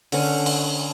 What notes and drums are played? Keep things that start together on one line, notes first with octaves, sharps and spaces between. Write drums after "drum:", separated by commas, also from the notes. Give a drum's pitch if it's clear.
D3 C#4, drum: open hi-hat
drum: open hi-hat